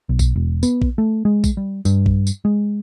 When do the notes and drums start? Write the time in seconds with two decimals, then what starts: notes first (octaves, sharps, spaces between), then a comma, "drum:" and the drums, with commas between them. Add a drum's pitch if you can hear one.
0.09 B1
0.19 drum: kick A#1, tambourine
0.36 E1
0.63 B3, drum: tambourine
0.82 drum: kick A#1
0.98 A3
1.25 G#3
1.44 drum: kick A#1, tambourine
1.57 G3
1.85 G2, drum: tambourine
2.06 drum: kick A#1
2.27 drum: tambourine
2.45 G#3